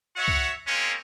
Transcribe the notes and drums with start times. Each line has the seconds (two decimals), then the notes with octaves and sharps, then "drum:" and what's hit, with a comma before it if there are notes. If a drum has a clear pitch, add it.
0.16 F#4 C#5 E5 F#5
0.28 drum: kick C2
0.67 G#3 A#3 C4 C#4